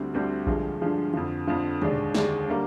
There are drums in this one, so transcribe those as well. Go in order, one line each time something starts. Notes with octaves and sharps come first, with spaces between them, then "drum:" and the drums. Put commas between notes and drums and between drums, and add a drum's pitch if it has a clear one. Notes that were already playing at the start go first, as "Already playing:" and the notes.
Already playing: D2 D3 G3 C4
D2 D3 G3 C4
G2 D3 F3 G#3, drum: kick A#1
G2 D3 F3 G#3
F2 D3 F3
F2 D3 F3
D#2 D3 G#3 D4, drum: tom
D#2 D3 G#3 D4, drum: snare
D3 G3 A#3